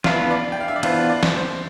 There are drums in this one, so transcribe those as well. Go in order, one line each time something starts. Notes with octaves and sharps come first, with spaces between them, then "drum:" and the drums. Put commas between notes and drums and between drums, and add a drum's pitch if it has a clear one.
E3 B3 D4 F4 E5, drum: snare
D5
G5
F5
E5
D5
E3 B3 D4 F4 C5, drum: cymbal
D5
drum: snare
C5